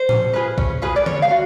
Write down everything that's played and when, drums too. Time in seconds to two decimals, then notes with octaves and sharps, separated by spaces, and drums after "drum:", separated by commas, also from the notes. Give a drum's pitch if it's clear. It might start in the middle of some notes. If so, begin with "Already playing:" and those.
Already playing: C5
0.09 C#4, drum: tom
0.33 F4 G#4 B4
0.58 C#4, drum: kick B1
0.82 F4 G#4 B4
0.96 D5
1.06 C#4 C#5, drum: tom D3
1.22 F5
1.30 F#4